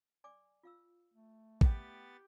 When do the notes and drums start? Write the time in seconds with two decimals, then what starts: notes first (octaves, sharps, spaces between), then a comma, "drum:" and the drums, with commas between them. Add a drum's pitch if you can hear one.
0.24 D5 G#5 D6
0.63 F4 F5 E6
1.14 A3
1.61 B3 G4 G5 A6, drum: kick